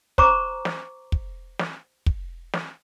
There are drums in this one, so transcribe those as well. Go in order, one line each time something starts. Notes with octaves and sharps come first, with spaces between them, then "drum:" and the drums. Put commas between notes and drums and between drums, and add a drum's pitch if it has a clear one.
C5 A#5 C#6 D6, drum: kick
drum: snare
drum: kick
drum: snare
drum: kick
drum: snare